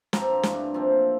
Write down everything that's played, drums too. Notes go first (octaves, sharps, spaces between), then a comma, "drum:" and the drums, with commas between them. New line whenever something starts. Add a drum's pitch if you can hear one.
G2 F3 C4 A#5, drum: snare
G2 E3 A3 D4, drum: snare
A#2 F3 C4